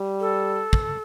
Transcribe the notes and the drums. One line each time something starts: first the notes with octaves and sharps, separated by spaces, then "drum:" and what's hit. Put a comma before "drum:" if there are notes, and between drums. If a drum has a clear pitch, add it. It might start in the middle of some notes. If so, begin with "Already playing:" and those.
Already playing: G3
A4
drum: kick